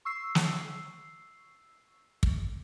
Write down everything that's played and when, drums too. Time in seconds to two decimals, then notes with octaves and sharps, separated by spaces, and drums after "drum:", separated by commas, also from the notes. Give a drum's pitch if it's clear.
0.05 C#6 E6 C7
0.35 drum: snare
2.23 drum: kick